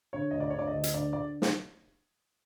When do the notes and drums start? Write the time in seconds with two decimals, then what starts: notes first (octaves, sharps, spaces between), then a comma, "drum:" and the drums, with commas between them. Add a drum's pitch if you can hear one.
0.13 D3 C#5
0.31 D2 D#5
0.40 D5
0.50 C#5
0.54 D3
0.59 D5
0.67 D#5
0.74 D2
0.84 drum: hi-hat
0.94 D3 D5
1.13 D5
1.42 drum: snare